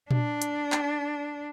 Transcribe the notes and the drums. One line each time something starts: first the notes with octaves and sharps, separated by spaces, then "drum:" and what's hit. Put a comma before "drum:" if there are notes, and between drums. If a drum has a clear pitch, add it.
D4, drum: tom A#2
drum: hi-hat
drum: clap